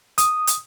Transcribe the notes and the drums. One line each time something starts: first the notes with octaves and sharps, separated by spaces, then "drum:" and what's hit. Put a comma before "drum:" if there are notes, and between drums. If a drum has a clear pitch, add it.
D#6, drum: hi-hat
drum: hi-hat